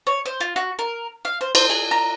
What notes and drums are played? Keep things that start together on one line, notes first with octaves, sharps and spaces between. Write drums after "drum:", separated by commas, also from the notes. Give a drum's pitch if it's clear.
C#5
C5
F4
F#4
A#4
F5
C5
C5, drum: cymbal
G#4
A#5